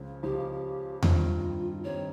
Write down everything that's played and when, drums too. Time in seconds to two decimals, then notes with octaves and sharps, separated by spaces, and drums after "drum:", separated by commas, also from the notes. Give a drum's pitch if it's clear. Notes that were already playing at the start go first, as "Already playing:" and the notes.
Already playing: C#2 C#3 F3
0.23 C#2 C#3 F3 G4
1.03 G2 D#3 G3 C4 F4, drum: tom E2
1.84 G2 D#3 G3 C4 C#5